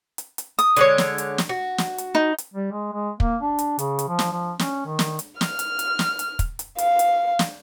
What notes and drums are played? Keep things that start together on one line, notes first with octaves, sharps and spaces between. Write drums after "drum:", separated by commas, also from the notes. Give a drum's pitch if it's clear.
drum: hi-hat
drum: hi-hat
D#6, drum: hi-hat
D3 G#3 C#5, drum: hi-hat
drum: snare
drum: hi-hat
drum: snare
F#4
drum: snare
drum: hi-hat
D#4
drum: hi-hat
G3
G#3
G#3
A#3, drum: kick
D4
drum: hi-hat
C#3, drum: hi-hat
drum: hi-hat
F3
drum: snare
F3
C#4, drum: snare
D#3
drum: snare
drum: hi-hat
F6, drum: snare
drum: hi-hat
drum: hi-hat
drum: snare
drum: hi-hat
drum: kick, hi-hat
drum: hi-hat
F5, drum: hi-hat
drum: hi-hat
drum: snare